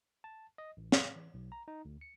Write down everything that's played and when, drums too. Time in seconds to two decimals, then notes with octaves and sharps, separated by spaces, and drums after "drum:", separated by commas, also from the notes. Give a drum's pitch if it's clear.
0.24 A5
0.58 D#5
0.77 A1
0.92 F5, drum: snare
1.16 E3
1.34 B1
1.52 A#5
1.68 D#4
1.85 D2
2.01 C#7